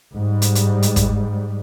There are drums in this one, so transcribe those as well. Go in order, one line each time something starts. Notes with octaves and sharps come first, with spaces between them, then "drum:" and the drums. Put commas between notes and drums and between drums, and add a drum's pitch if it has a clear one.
G#2 G3
drum: hi-hat
drum: hi-hat
drum: hi-hat
drum: kick, hi-hat